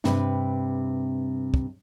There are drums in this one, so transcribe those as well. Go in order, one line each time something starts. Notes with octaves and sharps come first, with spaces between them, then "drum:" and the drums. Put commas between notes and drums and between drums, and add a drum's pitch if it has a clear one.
G2 C3 C4 B4, drum: snare
drum: kick